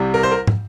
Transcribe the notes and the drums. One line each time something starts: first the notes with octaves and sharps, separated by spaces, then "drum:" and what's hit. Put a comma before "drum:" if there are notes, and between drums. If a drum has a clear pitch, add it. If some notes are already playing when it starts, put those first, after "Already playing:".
Already playing: C2 C3 G3
A#4
C5
A#4
drum: tom